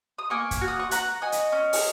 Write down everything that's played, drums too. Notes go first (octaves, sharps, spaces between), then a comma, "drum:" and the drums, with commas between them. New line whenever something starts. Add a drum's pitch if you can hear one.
D#6
A#3 G#5 C#6
drum: kick, hi-hat
F#4
D#6
C#6
F#4 F#5 A#5, drum: hi-hat
F#4 D#5 G#5
drum: hi-hat
C#4
drum: open hi-hat